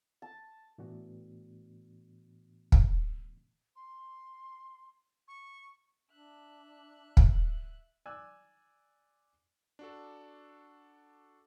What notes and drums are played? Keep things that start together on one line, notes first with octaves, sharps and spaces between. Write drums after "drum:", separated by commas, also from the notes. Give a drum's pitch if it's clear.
A5
A2 E3 A3 B3 D4 F#4
drum: kick
C6
C#6
D4 E5 F#6
drum: kick
D5 G#5 E6 F#6
D4 F#4 A4